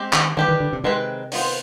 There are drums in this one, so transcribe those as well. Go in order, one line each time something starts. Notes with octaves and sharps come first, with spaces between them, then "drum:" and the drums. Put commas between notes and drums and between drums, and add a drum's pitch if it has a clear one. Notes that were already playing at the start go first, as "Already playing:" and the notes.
Already playing: G#3 C4 G4
D#3, drum: clap
D#3 G3 D4 G4 B4
D#3
D3
C3
C3 D#3 G#3 C4 B4
D#3 B3 F4 C5, drum: open hi-hat